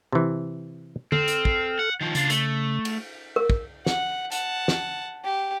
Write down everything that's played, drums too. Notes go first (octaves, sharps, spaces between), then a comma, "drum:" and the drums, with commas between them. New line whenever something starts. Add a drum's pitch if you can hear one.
C3 E3
C4 A4 F6, drum: tom
drum: hi-hat
drum: kick
F#5
D#3 F3
C#3 D4 F4, drum: hi-hat
A3, drum: hi-hat
drum: cymbal
A#4
drum: kick
F#5, drum: snare
F#5 A5, drum: hi-hat
drum: snare
G4